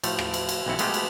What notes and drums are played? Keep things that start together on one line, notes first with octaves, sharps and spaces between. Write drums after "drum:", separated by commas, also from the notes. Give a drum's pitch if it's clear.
A2 F3 A3, drum: cymbal
drum: rim click
drum: cymbal
drum: cymbal
B1 E3 C4 E4 F#5
G#3 A3 B3 F4 G4, drum: cymbal
drum: cymbal